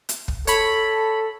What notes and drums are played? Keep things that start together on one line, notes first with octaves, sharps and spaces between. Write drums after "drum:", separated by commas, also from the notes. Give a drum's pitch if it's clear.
drum: hi-hat
drum: kick
A4 C#5 B5, drum: hi-hat